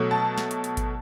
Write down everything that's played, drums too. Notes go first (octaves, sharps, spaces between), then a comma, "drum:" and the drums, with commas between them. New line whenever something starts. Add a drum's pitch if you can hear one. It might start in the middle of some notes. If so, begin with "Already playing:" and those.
Already playing: B2 F#3 A3
A5
drum: snare
drum: hi-hat
drum: hi-hat
drum: kick G#1, hi-hat